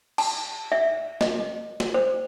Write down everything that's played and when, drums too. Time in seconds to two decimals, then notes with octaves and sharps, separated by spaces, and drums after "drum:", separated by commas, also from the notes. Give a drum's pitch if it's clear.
0.18 A5, drum: cymbal
0.72 E5
1.21 D#5, drum: snare
1.80 drum: snare
1.94 C5